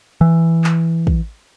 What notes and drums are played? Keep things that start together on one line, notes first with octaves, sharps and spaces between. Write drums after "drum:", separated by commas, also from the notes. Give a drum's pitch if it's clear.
E3
drum: clap
drum: kick